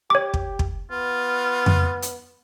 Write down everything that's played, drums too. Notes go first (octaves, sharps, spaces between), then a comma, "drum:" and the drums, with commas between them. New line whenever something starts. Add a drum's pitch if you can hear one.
G4 C#5 D6
drum: kick
drum: kick
B3 F4
drum: tom F2
drum: hi-hat